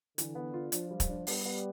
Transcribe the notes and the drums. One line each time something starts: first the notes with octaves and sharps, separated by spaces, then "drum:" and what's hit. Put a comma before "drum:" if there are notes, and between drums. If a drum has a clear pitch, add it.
D3 E3, drum: hi-hat
B3
F4
F3 D4, drum: hi-hat
G3
drum: kick, hi-hat
D4
G3 B3, drum: open hi-hat
B3